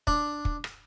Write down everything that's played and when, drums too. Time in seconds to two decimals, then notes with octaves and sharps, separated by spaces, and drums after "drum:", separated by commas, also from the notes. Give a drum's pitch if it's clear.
0.07 D4, drum: kick
0.45 drum: kick
0.64 drum: rim click